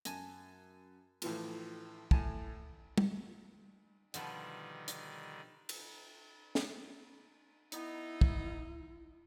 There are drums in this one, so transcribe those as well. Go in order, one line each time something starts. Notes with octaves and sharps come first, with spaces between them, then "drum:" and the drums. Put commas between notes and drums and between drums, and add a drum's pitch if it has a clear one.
F#2 G#5 A5, drum: hi-hat
A2 E3 F3, drum: cymbal
A2 G#5 A5, drum: kick
drum: tom
B2 D3 D#3 F3 G3 B4, drum: hi-hat
drum: hi-hat
drum: cymbal
drum: snare
B3 D#4 E4, drum: hi-hat
drum: kick